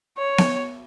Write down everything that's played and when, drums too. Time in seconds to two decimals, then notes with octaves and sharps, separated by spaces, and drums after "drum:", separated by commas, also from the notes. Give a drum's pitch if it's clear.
0.17 C#5
0.38 drum: snare B3